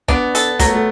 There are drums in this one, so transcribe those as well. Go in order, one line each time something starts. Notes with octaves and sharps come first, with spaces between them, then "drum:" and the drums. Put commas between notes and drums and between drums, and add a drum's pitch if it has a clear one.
B3 D4, drum: kick
A4, drum: hi-hat
F#3 A3, drum: kick, hi-hat
B3
A3